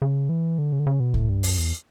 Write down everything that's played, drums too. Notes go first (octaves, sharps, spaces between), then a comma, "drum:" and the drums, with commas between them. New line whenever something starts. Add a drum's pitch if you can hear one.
C#3
E3
D3
C#3
D3
C#3
B2
A2, drum: kick C2
G2
F#2, drum: open hi-hat
E2